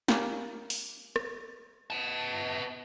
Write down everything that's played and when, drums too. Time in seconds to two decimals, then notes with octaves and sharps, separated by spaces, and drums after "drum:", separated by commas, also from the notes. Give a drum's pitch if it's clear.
0.08 G3 A#3 C#4, drum: snare
0.70 drum: open hi-hat
1.16 drum: rim click
1.90 B3 A5